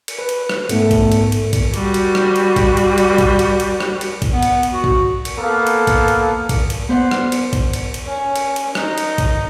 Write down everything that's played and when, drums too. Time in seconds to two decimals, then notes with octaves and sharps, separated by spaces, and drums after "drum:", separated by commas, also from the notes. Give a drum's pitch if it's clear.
0.08 drum: cymbal
0.19 B4
0.29 drum: cymbal
0.49 drum: rim click
0.69 G#2 A3 B3, drum: cymbal
0.91 drum: kick A1, cymbal
1.12 drum: cymbal
1.32 drum: cymbal
1.53 drum: kick A1, cymbal
1.74 G3 F#4, drum: cymbal
1.94 drum: cymbal
2.15 drum: rim click
2.36 drum: cymbal
2.56 drum: kick A1, cymbal
2.77 drum: cymbal
2.98 drum: cymbal
3.18 drum: kick A1, cymbal
3.39 drum: cymbal
3.60 drum: cymbal
3.80 drum: rim click
4.01 drum: cymbal
4.22 drum: kick A1, cymbal
4.33 B3
4.43 drum: cymbal
4.63 drum: cymbal
4.73 F#4
4.84 drum: kick A1
5.25 drum: cymbal
5.38 A#3 B3 A4 F5
5.67 drum: cymbal
5.87 drum: kick A1, cymbal
6.08 drum: cymbal
6.49 drum: kick A1, cymbal
6.70 drum: cymbal
6.89 B3 C5 D5 F#5
7.11 drum: rim click
7.32 drum: cymbal
7.53 drum: kick A1, cymbal
7.73 drum: cymbal
7.94 drum: cymbal
8.06 C#4
8.36 drum: cymbal
8.56 drum: cymbal
8.75 D#4, drum: rim click
8.98 drum: cymbal
9.18 drum: kick A1, cymbal